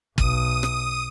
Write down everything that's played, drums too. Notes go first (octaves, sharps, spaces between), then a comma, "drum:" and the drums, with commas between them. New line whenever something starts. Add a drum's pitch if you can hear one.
B1 D#6 D#7, drum: kick
drum: rim click